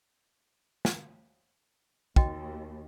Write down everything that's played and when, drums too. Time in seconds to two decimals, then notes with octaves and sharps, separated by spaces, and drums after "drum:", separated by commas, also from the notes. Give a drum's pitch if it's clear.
0.85 drum: snare
2.16 D#2 F#4 D#5 G5, drum: kick